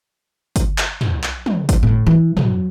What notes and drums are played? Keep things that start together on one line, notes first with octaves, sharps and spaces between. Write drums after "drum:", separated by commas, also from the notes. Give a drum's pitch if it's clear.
drum: kick G1, hi-hat
drum: clap
drum: tom
drum: clap
drum: tom
drum: kick G1, hi-hat
A2
E3
F#3, drum: tom